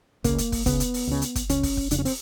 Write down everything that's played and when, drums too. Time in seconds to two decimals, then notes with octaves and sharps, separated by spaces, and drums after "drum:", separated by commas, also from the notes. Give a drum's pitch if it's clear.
0.24 C#2 C#3 A#3, drum: kick, hi-hat
0.38 drum: hi-hat
0.52 drum: kick, open hi-hat
0.66 C#2 C#3 B3, drum: kick, hi-hat
0.80 drum: hi-hat
0.94 drum: open hi-hat
1.07 C#2 C#3
1.22 drum: hi-hat
1.35 drum: kick, hi-hat
1.49 C#2 C#3 C#4, drum: hi-hat
1.63 drum: kick, open hi-hat
1.77 drum: kick
1.91 F2 C#3 D4, drum: hi-hat
1.99 C#4
2.05 C4, drum: open hi-hat